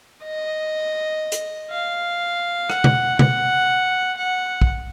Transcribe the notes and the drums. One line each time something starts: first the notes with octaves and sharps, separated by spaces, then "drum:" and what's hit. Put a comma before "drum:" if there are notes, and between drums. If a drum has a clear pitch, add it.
D#5
drum: hi-hat
F5
F#5, drum: rim click
drum: tom B2
F#5, drum: tom B2
F#5
drum: kick